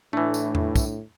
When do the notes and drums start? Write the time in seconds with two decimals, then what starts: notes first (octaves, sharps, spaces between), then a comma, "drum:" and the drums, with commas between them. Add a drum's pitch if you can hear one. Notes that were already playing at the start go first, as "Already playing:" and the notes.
0.13 A2 E3 A3 D4
0.34 drum: tambourine
0.55 drum: tom E2
0.76 drum: kick, tambourine